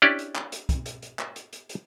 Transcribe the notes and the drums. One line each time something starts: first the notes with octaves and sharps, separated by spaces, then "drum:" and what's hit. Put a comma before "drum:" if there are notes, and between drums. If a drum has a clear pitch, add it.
C#4 D4 E4 G4 D5
drum: hi-hat
drum: clap
drum: hi-hat
drum: kick, hi-hat
drum: hi-hat
drum: hi-hat
drum: clap
drum: hi-hat
drum: hi-hat
drum: hi-hat